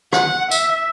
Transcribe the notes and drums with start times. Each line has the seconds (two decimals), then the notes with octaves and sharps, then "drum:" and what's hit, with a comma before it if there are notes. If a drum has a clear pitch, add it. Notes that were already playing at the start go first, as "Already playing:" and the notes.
0.13 F#5, drum: rim click
0.51 E5, drum: tambourine